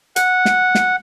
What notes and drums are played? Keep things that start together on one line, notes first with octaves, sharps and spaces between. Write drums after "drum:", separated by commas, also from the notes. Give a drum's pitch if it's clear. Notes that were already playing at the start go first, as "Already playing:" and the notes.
F#5, drum: hi-hat
drum: snare
drum: snare